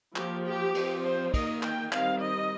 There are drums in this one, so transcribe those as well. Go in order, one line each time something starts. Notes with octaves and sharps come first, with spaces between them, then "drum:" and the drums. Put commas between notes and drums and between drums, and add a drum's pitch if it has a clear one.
F3 A#3 G4, drum: clap
G4
F3 C4, drum: cymbal
C5
D#3 A#3 D#5, drum: kick, cymbal
G5, drum: clap
D#3 G3 C4 F5, drum: clap
D#5